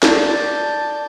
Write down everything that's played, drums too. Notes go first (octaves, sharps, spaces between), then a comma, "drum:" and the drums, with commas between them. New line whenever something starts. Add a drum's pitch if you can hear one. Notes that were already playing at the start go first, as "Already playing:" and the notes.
D5 A5 G6, drum: snare